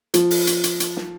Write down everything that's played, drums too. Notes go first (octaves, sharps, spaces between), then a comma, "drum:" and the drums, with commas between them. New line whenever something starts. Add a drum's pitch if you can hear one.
F3, drum: hi-hat
drum: open hi-hat
drum: hi-hat
drum: hi-hat
drum: hi-hat
drum: snare